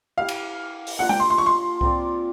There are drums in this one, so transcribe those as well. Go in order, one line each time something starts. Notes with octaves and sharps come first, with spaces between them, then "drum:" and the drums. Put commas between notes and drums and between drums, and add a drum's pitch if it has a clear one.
E4 G4 B4 F5
drum: cymbal
drum: open hi-hat
A#3 D4 F4 A#4 F#5
G5, drum: tom
C6
C6
C#6
C6
C4 F4 A#4 D5, drum: kick C2